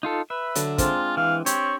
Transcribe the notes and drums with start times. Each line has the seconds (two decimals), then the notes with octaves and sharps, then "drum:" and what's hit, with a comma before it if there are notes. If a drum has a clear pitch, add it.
0.03 D#4 F4 A4
0.30 B4 E5
0.55 D3 F#3, drum: hi-hat
0.78 G#3 C4 D4 F4, drum: kick, hi-hat
1.17 E3 F5
1.46 C4 G4 C#5, drum: hi-hat